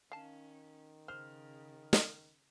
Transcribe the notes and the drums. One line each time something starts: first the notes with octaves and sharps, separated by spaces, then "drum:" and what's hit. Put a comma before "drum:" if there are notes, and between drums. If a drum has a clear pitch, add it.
D#3 C#4 F5 A5
C#3 C5 F6
drum: snare